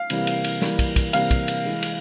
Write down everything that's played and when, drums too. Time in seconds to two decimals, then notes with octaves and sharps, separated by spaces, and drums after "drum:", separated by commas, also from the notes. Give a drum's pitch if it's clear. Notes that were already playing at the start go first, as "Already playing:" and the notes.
Already playing: F5
0.10 C3 E3 G3 A#3, drum: cymbal
0.27 drum: cymbal
0.44 drum: cymbal
0.62 E3 G3 A#3, drum: snare
0.79 drum: kick, cymbal
0.96 drum: kick, cymbal
1.13 C3 E3 G3 A#3 F5, drum: cymbal
1.31 drum: kick, cymbal
1.48 drum: cymbal
1.65 E3 G#3
1.83 drum: cymbal